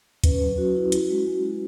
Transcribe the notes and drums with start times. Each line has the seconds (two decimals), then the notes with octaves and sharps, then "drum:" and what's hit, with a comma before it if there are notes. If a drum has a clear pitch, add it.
0.24 C#4 B4, drum: kick, hi-hat
0.41 F#3
0.58 F#3 F#4
0.75 E4
0.92 C#4, drum: hi-hat
1.10 G#3
1.27 G#3
1.44 F#4